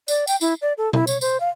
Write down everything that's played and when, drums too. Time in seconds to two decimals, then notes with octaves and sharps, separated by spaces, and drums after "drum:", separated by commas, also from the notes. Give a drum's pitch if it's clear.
0.08 D5, drum: tambourine
0.27 G5, drum: tambourine
0.41 E4, drum: tambourine
0.62 D5
0.78 A4
0.93 E4, drum: tom B2
1.07 C#5, drum: tambourine
1.21 C5, drum: tambourine
1.40 F5